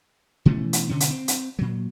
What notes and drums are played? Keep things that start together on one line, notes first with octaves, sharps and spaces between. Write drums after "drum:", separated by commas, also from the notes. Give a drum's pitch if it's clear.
B2 E3 A3 C#4
drum: hi-hat
B2 D3 C#4
drum: hi-hat
C4
drum: hi-hat
A#2 F#3